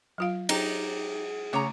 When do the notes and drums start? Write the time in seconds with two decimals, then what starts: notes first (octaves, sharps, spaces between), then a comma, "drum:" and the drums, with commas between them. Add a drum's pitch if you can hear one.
0.18 F#3 F4 F5
0.49 D#4 G4 G#4, drum: cymbal
1.53 C#3 A3 C#5 A#5 D6